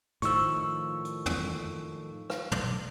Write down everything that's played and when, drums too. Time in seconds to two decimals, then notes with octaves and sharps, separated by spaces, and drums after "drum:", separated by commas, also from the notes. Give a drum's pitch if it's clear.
0.22 A2 D#3 F3 C#6 E6, drum: hi-hat
1.05 drum: hi-hat
1.26 drum: tom
2.30 drum: rim click
2.52 drum: tom